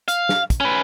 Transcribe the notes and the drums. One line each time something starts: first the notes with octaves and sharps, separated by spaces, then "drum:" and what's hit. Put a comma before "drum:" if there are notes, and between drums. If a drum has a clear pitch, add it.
F5, drum: hi-hat
drum: snare
drum: kick, hi-hat
C#4 B4